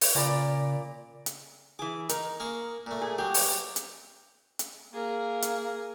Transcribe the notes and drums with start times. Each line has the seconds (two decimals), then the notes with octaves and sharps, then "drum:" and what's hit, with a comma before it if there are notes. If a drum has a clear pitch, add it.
0.01 drum: open hi-hat
0.15 A#2 C#3 D5 B5
1.26 drum: hi-hat
1.79 E3 G#4 D6
2.09 D#4 A#4, drum: hi-hat
2.40 A#3 G#4 C#6
2.87 A#2 A3
3.01 G#4
3.18 F#3 G4 G#4
3.34 drum: open hi-hat
3.76 drum: hi-hat
4.59 drum: hi-hat
4.93 A#3 G#4 A#4
5.42 drum: hi-hat